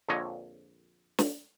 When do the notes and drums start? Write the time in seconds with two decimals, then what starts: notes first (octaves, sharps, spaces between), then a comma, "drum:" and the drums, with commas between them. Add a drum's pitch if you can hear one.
0.09 A#1 F2 A#2 D3 C#5 D#5
1.19 drum: snare